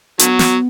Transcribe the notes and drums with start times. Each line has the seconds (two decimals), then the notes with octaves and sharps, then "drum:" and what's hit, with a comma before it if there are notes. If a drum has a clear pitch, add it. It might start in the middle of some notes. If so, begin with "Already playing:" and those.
0.19 D3 F#3 B3, drum: hi-hat
0.39 drum: snare